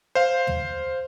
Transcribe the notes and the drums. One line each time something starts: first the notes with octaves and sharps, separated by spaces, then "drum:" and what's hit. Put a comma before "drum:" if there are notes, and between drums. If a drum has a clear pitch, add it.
C5 F5
drum: tom